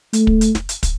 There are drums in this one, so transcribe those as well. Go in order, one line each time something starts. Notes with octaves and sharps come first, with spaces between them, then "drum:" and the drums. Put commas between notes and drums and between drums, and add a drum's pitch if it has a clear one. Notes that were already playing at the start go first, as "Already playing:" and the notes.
A3, drum: hi-hat
drum: kick
drum: hi-hat
drum: snare
drum: hi-hat
drum: kick, hi-hat